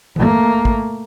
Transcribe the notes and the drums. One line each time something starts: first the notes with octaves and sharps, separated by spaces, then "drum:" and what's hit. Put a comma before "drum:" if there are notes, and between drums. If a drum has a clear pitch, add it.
A3 A#3, drum: tom D#3
drum: kick